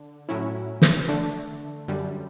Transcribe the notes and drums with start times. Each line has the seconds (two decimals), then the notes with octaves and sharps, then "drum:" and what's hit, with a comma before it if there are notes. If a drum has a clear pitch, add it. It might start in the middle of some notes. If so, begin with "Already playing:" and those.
Already playing: D3
0.29 A2 F#3 C#4 E4
0.82 drum: snare
1.08 D3 A3 D4
1.88 F#2 D3 G3